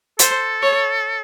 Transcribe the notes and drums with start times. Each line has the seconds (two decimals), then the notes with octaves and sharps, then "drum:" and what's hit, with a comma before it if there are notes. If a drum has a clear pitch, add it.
0.19 A4 C5, drum: hi-hat
0.62 C#5